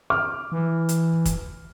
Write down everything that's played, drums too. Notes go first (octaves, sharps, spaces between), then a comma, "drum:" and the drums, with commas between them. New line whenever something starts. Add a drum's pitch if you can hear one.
D6 F6
E3
drum: hi-hat
drum: kick, hi-hat